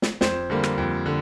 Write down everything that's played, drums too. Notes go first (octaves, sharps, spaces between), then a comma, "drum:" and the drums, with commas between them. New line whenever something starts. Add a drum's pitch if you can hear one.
drum: snare
F2 C5, drum: snare
D3 G3 A#3
drum: rim click
F2
D3